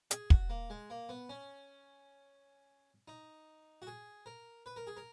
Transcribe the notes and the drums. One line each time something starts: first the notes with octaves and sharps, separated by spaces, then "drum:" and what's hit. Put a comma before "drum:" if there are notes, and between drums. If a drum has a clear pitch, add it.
G#4, drum: hi-hat
F#4, drum: kick
A#3
G#3
A#3
B3
C#4
D#4
F#4
G#4
A#4
B4
A#4
G#4
A#4